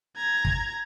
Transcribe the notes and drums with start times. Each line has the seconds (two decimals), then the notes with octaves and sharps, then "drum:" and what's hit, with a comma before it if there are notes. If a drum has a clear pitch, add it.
0.16 A#5 G#6
0.45 drum: kick